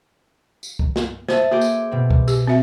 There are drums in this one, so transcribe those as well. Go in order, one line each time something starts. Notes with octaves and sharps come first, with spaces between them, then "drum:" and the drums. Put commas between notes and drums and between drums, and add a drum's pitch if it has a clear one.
drum: tambourine
drum: kick C2
drum: snare
C5 E5 A5 D#6, drum: snare
A#3 F#4 G#4 C5 D6
drum: tambourine
B2 C4
drum: kick C2
G4, drum: tambourine
C4 F#4 E5